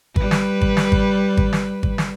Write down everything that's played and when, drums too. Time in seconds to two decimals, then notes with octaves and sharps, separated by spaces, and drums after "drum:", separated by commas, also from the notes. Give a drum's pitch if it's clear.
0.16 G3 B4, drum: kick G#1
0.31 drum: snare
0.61 drum: kick G#1
0.77 drum: snare
0.92 drum: kick G#1
1.37 drum: kick G#1
1.53 drum: snare
1.83 drum: kick G#1
1.98 drum: snare